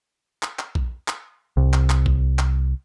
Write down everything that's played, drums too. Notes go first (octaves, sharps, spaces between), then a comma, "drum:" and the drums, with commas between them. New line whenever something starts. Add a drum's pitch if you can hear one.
drum: clap
drum: clap
drum: kick A#1
drum: clap
C2
drum: clap
drum: clap
drum: kick A#1
drum: clap